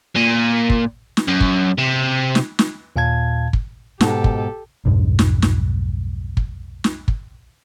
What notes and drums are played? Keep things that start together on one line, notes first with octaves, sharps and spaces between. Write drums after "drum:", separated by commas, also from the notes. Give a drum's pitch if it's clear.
A#2
drum: kick
drum: snare
F#2
drum: kick
C3
drum: snare
drum: snare
D#2 A#2 F5 A5 G#6
drum: kick
G#2 B2 G4 A4, drum: snare
drum: kick
B1 F2 G#2 G#3
drum: snare
drum: snare
drum: kick
drum: snare
drum: kick